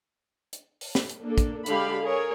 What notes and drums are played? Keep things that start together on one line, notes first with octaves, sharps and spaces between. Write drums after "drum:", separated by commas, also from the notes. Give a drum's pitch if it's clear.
drum: hi-hat
drum: open hi-hat
drum: snare
drum: hi-hat
A#3 D4 A4
drum: kick, hi-hat
D3 G#3 G4 F5 B5, drum: hi-hat
G#4 A#4 C#5